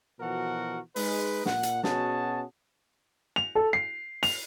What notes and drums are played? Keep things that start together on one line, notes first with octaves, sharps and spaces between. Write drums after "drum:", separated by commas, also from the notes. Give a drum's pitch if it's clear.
B2 E3 F3 F#4 A#4 F#5
G#3 D#4 B4, drum: open hi-hat
A#2 F#5, drum: snare
drum: hi-hat
B2 C#4 F#4 G#4 A5, drum: snare
F7
A4
C7
F7, drum: open hi-hat